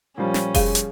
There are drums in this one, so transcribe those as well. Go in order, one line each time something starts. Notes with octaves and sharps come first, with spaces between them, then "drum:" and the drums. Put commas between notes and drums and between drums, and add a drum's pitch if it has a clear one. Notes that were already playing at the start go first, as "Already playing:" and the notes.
A#2 F3 G3 C#4
drum: snare
G#4 F5, drum: kick F1, open hi-hat
drum: hi-hat